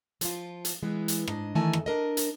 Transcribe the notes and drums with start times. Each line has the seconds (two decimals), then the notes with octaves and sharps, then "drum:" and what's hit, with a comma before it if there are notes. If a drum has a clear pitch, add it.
0.21 F3 F4, drum: hi-hat
0.65 drum: hi-hat
0.83 E3 G#3 B3
1.08 drum: hi-hat
1.28 G#2 D4 D#5, drum: rim click
1.55 D#3 E3 A3 D#5 G#5 A5
1.73 drum: rim click
1.86 D4 A#4 D#5
2.17 drum: hi-hat